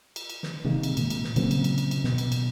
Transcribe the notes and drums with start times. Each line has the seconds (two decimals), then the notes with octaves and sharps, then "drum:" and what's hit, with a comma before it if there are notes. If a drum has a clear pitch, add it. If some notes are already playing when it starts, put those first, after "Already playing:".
0.16 drum: cymbal
0.30 drum: cymbal
0.43 drum: snare
0.65 C3 D#3 G#3 A#3
0.83 drum: cymbal
0.97 A#2, drum: cymbal
1.10 drum: cymbal
1.24 drum: snare
1.36 C#3 F#3 A#3 C4, drum: cymbal
1.51 drum: cymbal
1.64 drum: cymbal
1.78 drum: cymbal
1.91 drum: cymbal
2.04 B2, drum: snare
2.18 drum: cymbal
2.32 drum: cymbal